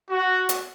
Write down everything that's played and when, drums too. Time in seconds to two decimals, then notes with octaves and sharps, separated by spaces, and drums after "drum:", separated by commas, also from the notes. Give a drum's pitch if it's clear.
0.10 F#4
0.49 drum: hi-hat